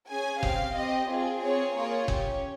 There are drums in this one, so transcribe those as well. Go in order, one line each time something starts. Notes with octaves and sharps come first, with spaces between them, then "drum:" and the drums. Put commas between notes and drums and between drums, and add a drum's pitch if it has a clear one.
C#4 G#4 G#5
C4 G4 F5, drum: kick F#1
C4 G4 D#5
C4 F4 G#4
C4 F4 G#4 C#5
A#3 F4 G#4 C#5
C#4 G4, drum: kick F#1